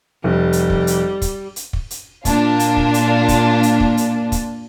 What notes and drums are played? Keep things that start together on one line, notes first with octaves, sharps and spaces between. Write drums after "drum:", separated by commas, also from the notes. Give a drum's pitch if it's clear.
F1 G3
drum: hi-hat
drum: kick
drum: hi-hat
drum: kick, hi-hat
drum: hi-hat
drum: kick
drum: hi-hat
A#2 D4 F4, drum: kick, hi-hat
drum: hi-hat
drum: kick
drum: hi-hat
drum: kick, hi-hat
drum: hi-hat
drum: kick
drum: hi-hat
drum: kick, hi-hat